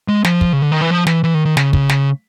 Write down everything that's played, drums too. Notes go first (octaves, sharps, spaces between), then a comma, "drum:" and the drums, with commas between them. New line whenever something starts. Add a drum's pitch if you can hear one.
G#3
F3, drum: snare
drum: kick
C#3
D3
D#3
E3
F3
E3, drum: snare
E3
D#3
D#3
C#3, drum: snare
C#3, drum: kick
drum: snare